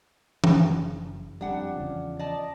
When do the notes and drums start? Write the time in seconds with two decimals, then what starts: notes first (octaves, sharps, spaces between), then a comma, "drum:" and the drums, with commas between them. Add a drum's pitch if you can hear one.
0.44 F#1, drum: tom E3
1.41 F2 G3 D4 F#5
1.74 E2 C#3 F3
2.19 D5 D#5 A5